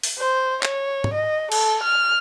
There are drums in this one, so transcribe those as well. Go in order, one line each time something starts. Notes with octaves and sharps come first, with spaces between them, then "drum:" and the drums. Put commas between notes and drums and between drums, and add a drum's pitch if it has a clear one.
drum: open hi-hat
C5
C#5, drum: clap
drum: tom
D#5
A4, drum: cymbal
F6